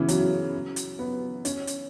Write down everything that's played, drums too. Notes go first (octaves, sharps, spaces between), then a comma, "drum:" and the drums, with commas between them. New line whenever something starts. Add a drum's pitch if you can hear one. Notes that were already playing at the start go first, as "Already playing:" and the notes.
Already playing: C#3 E3 B3
F#3, drum: hi-hat
drum: hi-hat
B3
C#4, drum: hi-hat
drum: hi-hat